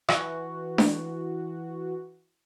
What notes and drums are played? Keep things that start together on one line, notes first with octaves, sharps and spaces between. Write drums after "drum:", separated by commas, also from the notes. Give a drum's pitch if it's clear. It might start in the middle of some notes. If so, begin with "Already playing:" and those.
E3 F#4, drum: rim click
drum: snare D4